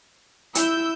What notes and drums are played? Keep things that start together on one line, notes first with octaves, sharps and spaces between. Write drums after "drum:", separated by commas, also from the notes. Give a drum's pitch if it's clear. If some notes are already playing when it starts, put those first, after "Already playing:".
E4 E6 G6, drum: hi-hat